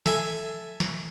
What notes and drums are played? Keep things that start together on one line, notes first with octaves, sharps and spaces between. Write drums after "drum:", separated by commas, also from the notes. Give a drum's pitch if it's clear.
A4 E5 G#5, drum: snare
drum: snare